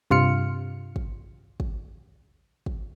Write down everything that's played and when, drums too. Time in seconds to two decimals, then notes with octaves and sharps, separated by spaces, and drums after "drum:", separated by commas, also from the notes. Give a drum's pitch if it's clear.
0.10 G2 C3 F4 F5 F6 C#7
0.96 drum: kick
1.60 drum: kick
2.66 drum: kick